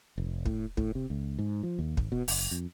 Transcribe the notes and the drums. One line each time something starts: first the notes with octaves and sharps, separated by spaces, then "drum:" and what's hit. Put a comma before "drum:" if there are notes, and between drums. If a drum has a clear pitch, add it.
F1
A2, drum: kick
A2, drum: kick
C3
C#2
G#2
F3
D#2
G#1, drum: kick
B2
F#1, drum: open hi-hat
F2